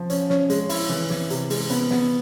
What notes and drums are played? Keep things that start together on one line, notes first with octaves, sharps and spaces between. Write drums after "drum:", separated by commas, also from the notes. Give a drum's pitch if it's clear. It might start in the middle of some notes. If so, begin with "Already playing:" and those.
Already playing: F3
C#4, drum: hi-hat
C#4, drum: snare
G#3, drum: hi-hat
E4, drum: open hi-hat
E3
E3, drum: snare
C3, drum: hi-hat
G#3, drum: open hi-hat
B3, drum: hi-hat
B3, drum: snare